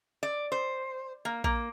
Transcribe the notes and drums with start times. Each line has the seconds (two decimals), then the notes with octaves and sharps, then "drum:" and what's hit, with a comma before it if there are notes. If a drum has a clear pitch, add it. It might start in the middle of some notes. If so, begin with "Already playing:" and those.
0.23 D5
0.52 C5
1.25 A#3
1.44 A#3, drum: kick A#1